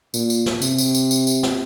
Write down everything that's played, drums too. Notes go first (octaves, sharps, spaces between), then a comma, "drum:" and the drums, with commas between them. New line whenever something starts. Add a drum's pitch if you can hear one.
A#2, drum: tambourine
drum: tambourine
drum: snare
C3, drum: tambourine
drum: tambourine
drum: tambourine
drum: tambourine
drum: tambourine
drum: snare